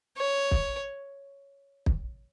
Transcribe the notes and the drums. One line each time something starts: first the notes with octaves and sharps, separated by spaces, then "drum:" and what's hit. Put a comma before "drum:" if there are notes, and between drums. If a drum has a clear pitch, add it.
C#5
drum: kick
drum: kick